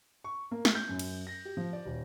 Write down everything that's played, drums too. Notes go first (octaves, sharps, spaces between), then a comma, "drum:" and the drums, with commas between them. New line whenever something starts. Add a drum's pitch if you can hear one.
C#6
A#3
drum: snare
G6
F#2
drum: cymbal
A#6
G4
F3
D5
D#1